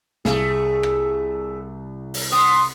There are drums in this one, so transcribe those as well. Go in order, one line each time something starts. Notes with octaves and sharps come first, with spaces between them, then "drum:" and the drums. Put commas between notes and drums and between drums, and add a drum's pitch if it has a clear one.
C2 A3 G#4, drum: snare
drum: rim click
drum: open hi-hat
B3 C6 D#6